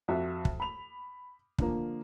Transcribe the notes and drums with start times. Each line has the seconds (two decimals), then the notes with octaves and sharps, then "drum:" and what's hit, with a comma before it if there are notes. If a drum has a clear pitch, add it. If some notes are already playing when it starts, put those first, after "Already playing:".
0.08 F2 F#4 E5
0.45 drum: kick
0.60 B5 F7
1.58 D3 F3 A#3, drum: kick